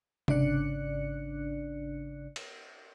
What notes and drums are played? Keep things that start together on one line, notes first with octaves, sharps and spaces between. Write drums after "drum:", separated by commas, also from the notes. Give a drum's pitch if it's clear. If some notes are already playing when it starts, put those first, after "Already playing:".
G#1 C#3 D4 D5 F#6 C#7, drum: tom C3
drum: cymbal